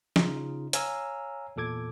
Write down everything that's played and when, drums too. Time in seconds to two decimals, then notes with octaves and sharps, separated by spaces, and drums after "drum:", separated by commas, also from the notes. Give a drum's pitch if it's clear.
0.16 C#3 D#4 F4, drum: snare
0.73 C#5 F5 G#5 A#5 E6, drum: hi-hat
1.56 E2 A#2 A4 D6 G#6